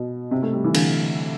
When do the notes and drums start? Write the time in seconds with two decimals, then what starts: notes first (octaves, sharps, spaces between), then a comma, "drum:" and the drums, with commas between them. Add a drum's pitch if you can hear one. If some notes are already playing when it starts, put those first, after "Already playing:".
Already playing: B2
0.31 C3
0.42 A3
0.53 G3
0.64 E3
0.75 D3, drum: cymbal